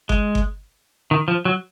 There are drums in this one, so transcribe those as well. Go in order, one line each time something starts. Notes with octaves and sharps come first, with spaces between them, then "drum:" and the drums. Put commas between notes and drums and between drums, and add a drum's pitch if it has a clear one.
G#3, drum: kick G1
drum: kick G1
D#3
F3
F#3